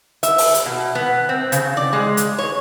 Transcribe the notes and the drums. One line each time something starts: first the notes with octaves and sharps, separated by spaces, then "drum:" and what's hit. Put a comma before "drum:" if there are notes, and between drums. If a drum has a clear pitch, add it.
E5, drum: hi-hat
drum: open hi-hat
drum: hi-hat
B2
B3
C4
C#3, drum: hi-hat
D5
G#3
drum: hi-hat
C#5